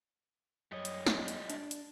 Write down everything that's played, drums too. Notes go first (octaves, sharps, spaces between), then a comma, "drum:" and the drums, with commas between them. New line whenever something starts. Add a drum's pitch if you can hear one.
F#2 G3 C#5 D#5
drum: hi-hat
drum: snare
drum: hi-hat
D4 D5, drum: hi-hat
drum: hi-hat